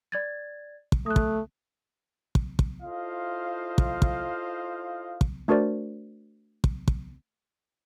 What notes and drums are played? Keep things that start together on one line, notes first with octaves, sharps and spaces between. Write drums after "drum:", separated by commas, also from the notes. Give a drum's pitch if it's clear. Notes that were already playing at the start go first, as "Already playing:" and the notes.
D5 G#6 A6
drum: kick
A3 D#6 F#6
drum: kick
drum: kick
drum: kick
E4 F4 A4 C5 D#5 F5
drum: kick
drum: kick
drum: kick
A3 D4 F#4 A#4 C5 D5
drum: kick
drum: kick